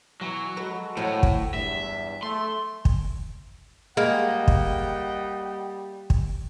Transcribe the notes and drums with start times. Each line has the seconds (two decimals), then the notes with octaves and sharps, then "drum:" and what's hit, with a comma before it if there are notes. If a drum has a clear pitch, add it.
0.21 B2 E3 F#3
0.57 G#3 F#4 A4 B4
0.97 A2 F3 F#3
1.23 drum: kick
1.54 E2 G2 E5
2.23 A3 C6
2.85 drum: kick
3.97 G3 G#3 A#3 D#5 F#5 G5
4.48 drum: kick
6.10 drum: kick